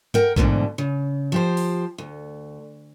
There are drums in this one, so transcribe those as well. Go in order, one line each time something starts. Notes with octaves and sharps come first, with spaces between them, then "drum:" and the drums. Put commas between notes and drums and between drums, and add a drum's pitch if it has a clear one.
A#4 F#5 G5, drum: tom G2
D2 G#2 B2 D3 E3, drum: kick
C#3
F3 G4 C5
drum: open hi-hat
D2